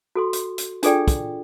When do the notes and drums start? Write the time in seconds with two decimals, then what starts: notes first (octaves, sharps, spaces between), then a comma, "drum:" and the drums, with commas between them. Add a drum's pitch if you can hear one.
0.15 F#4 A4 C6
0.33 drum: hi-hat
0.58 drum: hi-hat
0.83 D4 F4 G#4 A4 D5 G5, drum: hi-hat
1.08 drum: kick, hi-hat